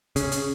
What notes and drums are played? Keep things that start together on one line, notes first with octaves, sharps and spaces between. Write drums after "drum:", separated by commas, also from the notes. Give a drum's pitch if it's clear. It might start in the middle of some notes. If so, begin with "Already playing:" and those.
C#3, drum: hi-hat
drum: hi-hat